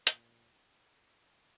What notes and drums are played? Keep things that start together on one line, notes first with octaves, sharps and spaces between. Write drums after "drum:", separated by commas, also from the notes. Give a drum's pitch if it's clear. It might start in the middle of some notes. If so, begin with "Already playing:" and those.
A#2, drum: hi-hat